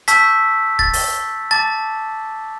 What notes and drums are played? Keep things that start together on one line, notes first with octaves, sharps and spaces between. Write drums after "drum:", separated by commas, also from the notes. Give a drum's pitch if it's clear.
A5 C#6 E6 G6 B6, drum: hi-hat
A6, drum: kick
drum: open hi-hat
A5 D6 A6